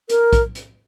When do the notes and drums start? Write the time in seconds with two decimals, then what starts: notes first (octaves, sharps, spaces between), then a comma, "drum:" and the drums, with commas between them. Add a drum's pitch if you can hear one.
0.09 A#4, drum: hi-hat
0.33 drum: kick A#1, hi-hat
0.55 drum: hi-hat